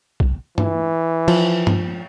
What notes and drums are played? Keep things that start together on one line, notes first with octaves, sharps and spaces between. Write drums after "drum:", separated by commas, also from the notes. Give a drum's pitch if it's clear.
drum: kick
E3, drum: tom G2
F3, drum: cymbal
drum: tom G2